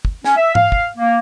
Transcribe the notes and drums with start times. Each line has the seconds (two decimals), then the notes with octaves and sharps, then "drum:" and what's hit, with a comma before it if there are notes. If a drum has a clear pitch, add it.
0.05 drum: kick
0.24 C#4, drum: snare
0.37 E5
0.55 F5, drum: tom
0.72 drum: kick
0.97 A#3